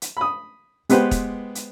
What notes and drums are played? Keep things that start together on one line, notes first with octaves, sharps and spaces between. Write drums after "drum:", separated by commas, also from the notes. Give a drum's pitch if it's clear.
drum: hi-hat
B5 D#6
G#3 B3 G4 B4 C5, drum: hi-hat
drum: kick, hi-hat
drum: hi-hat